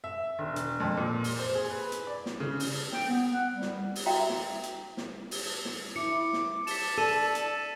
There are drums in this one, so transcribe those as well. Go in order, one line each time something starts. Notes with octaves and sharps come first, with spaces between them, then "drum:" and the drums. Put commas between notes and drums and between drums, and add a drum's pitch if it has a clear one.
E5
E1
drum: hi-hat
F2
A#2
drum: open hi-hat
C5
G#4
B4
drum: hi-hat
D5
drum: snare
C#3
drum: open hi-hat
G5, drum: snare
B3
F#5
G3
drum: snare
drum: open hi-hat
F#4 E5 G5 A#5
drum: snare
drum: hi-hat
drum: snare
drum: open hi-hat
drum: snare
E4 D6 C#7
drum: snare
A5 B6 E7, drum: open hi-hat
A4 D5 E6 D#7 E7
drum: hi-hat